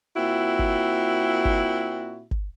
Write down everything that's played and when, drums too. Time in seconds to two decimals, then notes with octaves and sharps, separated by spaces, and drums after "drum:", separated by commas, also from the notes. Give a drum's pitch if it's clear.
0.16 A#2 C4 E4 F#4
0.59 drum: kick G1
1.45 drum: kick G1
2.31 drum: kick G1